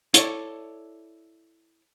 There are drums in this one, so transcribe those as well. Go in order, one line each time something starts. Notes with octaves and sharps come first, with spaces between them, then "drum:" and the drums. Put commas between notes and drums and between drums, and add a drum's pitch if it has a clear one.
E4 A4 C#5 D5, drum: hi-hat